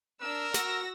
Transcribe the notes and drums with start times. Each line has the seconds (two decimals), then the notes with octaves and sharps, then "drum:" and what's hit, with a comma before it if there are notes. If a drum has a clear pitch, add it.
0.21 D4 A#4 E6
0.54 F#4 E6 A#6, drum: snare